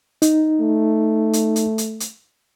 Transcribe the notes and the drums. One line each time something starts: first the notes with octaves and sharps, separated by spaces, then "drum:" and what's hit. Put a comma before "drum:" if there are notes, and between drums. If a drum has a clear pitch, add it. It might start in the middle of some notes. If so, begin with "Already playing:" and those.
D#4, drum: hi-hat
A3
drum: hi-hat
drum: hi-hat
drum: hi-hat
drum: hi-hat